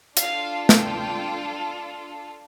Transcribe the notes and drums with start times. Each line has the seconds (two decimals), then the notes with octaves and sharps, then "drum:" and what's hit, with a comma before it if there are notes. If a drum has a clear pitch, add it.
0.17 D4 F4 A4 F5, drum: hi-hat
0.69 G5, drum: snare